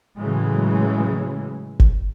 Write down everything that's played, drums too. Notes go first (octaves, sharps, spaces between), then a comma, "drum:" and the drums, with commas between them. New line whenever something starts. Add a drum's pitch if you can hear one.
A2 C#3 E3 F#3 G#3
drum: kick G1